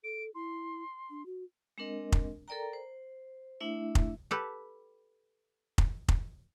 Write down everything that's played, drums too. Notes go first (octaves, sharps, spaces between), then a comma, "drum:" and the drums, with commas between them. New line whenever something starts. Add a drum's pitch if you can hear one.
A4 D7
E4 C6
D4
F#4
G#3 C4 D4 A#4 D#5
drum: kick F1
A4 A#4 D5 G5 A#5
C5
A3 D4 E4 E5
drum: kick F1
G4 A4 B4
drum: kick F1
drum: kick F1